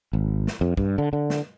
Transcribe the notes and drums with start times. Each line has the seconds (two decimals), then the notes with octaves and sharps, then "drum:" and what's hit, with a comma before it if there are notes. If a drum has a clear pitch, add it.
0.13 G#1
0.47 drum: snare
0.61 F2
0.77 G2, drum: kick
0.98 D3
1.13 D3
1.30 drum: snare